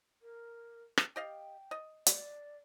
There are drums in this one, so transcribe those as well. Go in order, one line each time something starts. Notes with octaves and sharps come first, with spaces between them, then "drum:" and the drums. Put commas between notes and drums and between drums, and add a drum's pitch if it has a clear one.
A#4
drum: rim click
G4 D#5 F5 G5
D#5
D5, drum: hi-hat